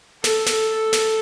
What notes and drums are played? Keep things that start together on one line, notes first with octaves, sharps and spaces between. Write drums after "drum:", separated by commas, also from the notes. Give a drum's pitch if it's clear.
A4, drum: snare
drum: snare
drum: snare